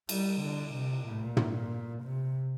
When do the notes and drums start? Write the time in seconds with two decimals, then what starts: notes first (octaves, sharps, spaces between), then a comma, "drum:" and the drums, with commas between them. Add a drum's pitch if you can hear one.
0.09 G3, drum: cymbal
0.41 D3
0.73 C3
1.06 A#2
1.37 drum: tom
2.03 C3